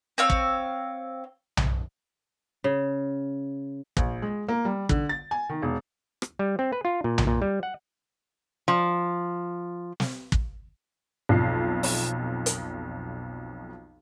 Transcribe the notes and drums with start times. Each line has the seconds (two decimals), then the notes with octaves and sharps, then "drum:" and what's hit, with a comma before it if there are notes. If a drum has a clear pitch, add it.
0.18 C4 C#5 F5 E6
0.30 drum: kick
1.57 drum: tom B1
2.64 C#3
3.97 A#1, drum: kick
4.22 G#3
4.48 A#3
4.65 G3
4.89 D3, drum: kick
5.09 A6
5.31 G#5
5.49 D#3
5.62 E1
6.22 drum: rim click
6.39 G3
6.59 C4
6.73 B4
6.85 F4
7.04 A#2
7.18 drum: tom B1
7.27 A#2
7.42 G3
7.63 F#5
8.68 F3
10.00 drum: snare
10.32 drum: kick
11.29 B1 F2 C7
11.83 drum: open hi-hat
12.46 drum: hi-hat